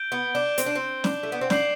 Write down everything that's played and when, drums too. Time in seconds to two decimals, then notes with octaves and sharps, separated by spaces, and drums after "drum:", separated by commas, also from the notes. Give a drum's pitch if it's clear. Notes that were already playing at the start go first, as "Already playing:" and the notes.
Already playing: G6 D7 G7
0.12 B3
0.35 D4
0.58 C4, drum: hi-hat
0.66 D4
0.75 C4
1.04 D4, drum: snare
1.23 A3
1.32 B3
1.41 C4
1.50 D4 G6 C7 F#7, drum: snare